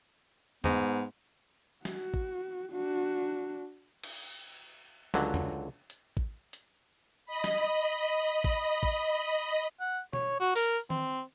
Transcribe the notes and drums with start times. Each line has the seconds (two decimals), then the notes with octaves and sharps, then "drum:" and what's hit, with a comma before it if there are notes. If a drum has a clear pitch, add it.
0.64 G#2 B3, drum: tom E2
1.85 F#4, drum: snare
2.14 drum: kick
2.72 D4 F#4
4.03 drum: cymbal
5.14 C#2 D3 F#3, drum: snare
5.34 drum: tom E2
5.90 drum: hi-hat
6.17 drum: kick
6.53 drum: hi-hat
7.25 D#5 B5
7.44 drum: snare
8.44 drum: kick
8.83 drum: kick
9.80 F#5
10.13 C#5, drum: tom B2
10.40 F#4
10.55 A#4, drum: open hi-hat
10.90 C4, drum: tom